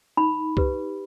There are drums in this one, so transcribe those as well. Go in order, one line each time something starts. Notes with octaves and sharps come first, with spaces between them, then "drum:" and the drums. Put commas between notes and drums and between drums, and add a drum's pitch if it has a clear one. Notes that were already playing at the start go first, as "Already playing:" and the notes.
D#4 B5
G4 B4, drum: kick C2